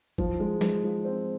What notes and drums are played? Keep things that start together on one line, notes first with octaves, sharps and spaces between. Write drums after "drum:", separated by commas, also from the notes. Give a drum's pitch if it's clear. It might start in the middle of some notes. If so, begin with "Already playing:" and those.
F3, drum: kick G1
G#3
G#3, drum: snare
F3
C4